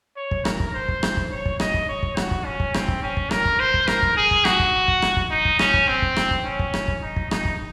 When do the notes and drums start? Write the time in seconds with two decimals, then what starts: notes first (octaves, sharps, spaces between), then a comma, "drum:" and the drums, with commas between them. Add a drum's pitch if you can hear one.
0.17 C#5
0.31 drum: kick
0.45 A#4, drum: rim click
0.60 drum: kick
0.74 C5
0.88 drum: kick
1.03 drum: rim click
1.17 drum: kick
1.32 C#5
1.46 drum: kick
1.60 D#5, drum: rim click
1.74 drum: kick
1.89 C#5
2.03 drum: kick
2.17 F#4, drum: rim click
2.31 drum: kick
2.45 C#4
2.60 drum: kick
2.74 C4, drum: rim click
2.88 drum: kick
3.03 C#4
3.17 drum: kick
3.31 A#4, drum: rim click
3.45 drum: kick
3.60 C5
3.74 drum: kick
3.88 A#4, drum: rim click
4.02 drum: kick
4.17 G#4
4.31 drum: kick
4.45 F#4, drum: rim click
4.60 drum: kick
4.88 drum: kick
5.02 drum: rim click
5.17 drum: kick
5.31 D#4
5.45 drum: kick
5.59 C#4, drum: rim click
5.74 drum: kick
5.88 C4
6.02 drum: kick
6.17 drum: rim click
6.31 drum: kick
6.45 C#4
6.59 drum: kick
6.74 drum: rim click
6.88 drum: kick
7.02 D#4
7.16 drum: kick
7.31 D#4, drum: rim click
7.45 drum: kick